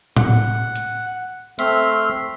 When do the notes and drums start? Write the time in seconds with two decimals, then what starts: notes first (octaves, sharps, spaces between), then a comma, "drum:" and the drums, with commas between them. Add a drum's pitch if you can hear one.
0.17 F#5, drum: tom A2
0.76 drum: hi-hat
1.59 A3 C4 E5 C6 F6, drum: hi-hat